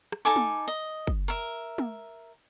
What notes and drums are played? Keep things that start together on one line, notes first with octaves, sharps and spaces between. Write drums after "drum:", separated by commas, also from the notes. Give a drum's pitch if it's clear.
drum: rim click
D#4 A4 G#5 D6
drum: tom
D#5
drum: kick
A#4 E5
drum: tom